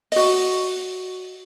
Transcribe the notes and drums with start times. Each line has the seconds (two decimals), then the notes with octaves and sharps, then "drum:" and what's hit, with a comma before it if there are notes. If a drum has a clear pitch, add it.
0.12 F#4 D#5, drum: open hi-hat